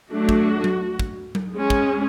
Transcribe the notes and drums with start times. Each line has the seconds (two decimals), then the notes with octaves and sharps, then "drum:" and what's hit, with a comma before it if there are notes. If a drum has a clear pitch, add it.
0.11 F#3 A3 D4 F#4
0.29 drum: kick
0.64 drum: tom F#3
0.99 drum: kick
1.35 drum: tom F#3
1.52 G#3 C#4
1.70 drum: kick